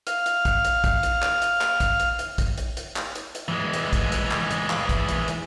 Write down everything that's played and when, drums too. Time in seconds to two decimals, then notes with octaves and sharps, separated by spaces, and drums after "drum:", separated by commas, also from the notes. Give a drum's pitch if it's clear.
0.07 F5 F6, drum: hi-hat
0.26 drum: hi-hat
0.45 drum: kick, hi-hat
0.65 drum: hi-hat
0.84 drum: kick, hi-hat
1.03 drum: hi-hat
1.22 drum: clap
1.42 drum: hi-hat
1.61 drum: clap
1.80 drum: kick, hi-hat
2.00 drum: hi-hat
2.19 drum: hi-hat
2.38 drum: kick, hi-hat
2.58 drum: hi-hat
2.77 drum: hi-hat
2.96 drum: clap
3.15 drum: hi-hat
3.35 drum: hi-hat
3.48 E3 G#3
3.73 drum: hi-hat
3.93 drum: kick, hi-hat
4.12 drum: hi-hat
4.31 drum: clap
4.51 drum: hi-hat
4.70 drum: clap
4.89 drum: kick, hi-hat
5.08 drum: hi-hat
5.28 drum: hi-hat